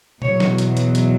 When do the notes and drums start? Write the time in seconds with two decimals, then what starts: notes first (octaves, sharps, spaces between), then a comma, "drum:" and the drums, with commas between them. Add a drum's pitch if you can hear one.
0.22 E2 B2 F#3 C#5, drum: tom A#2
0.40 drum: snare
0.58 drum: hi-hat
0.77 drum: hi-hat
0.95 drum: hi-hat